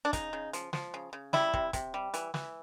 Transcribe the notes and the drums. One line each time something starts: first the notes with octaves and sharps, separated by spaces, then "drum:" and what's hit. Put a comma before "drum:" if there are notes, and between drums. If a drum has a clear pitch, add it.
D4
C#3 D#4, drum: kick, hi-hat
C#3
F3, drum: hi-hat
F3, drum: snare
C#3
C#3
G3 E4, drum: snare
C3, drum: kick
C3, drum: kick, hi-hat
G3
E3, drum: hi-hat
E3, drum: snare